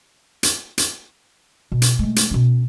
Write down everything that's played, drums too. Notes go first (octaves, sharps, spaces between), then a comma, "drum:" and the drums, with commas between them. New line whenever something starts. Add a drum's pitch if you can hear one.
drum: hi-hat
drum: hi-hat
B2
drum: hi-hat
G#3 A3
drum: hi-hat
B2 C#4